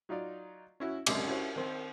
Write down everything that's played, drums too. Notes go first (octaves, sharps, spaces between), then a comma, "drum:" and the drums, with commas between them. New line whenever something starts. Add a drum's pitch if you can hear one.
F#3 D#4 F4 D5
C#4 E4 F#4
C#2 F#2 C3 G#3 D4 D6, drum: cymbal
C#4 E4 F#4 G4 C5 C#5
D#3 C4